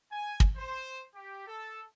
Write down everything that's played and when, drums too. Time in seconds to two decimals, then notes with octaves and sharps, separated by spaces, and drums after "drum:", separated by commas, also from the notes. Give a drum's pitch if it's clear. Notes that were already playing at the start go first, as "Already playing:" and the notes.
0.11 G#5
0.40 drum: kick
0.57 C5
1.15 G4
1.46 A4